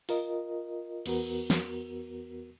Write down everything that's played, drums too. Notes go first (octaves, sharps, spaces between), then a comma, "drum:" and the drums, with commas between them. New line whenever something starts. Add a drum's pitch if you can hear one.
F4 A#4 D#5, drum: open hi-hat
E2 B3 F#4 A#4, drum: cymbal
drum: snare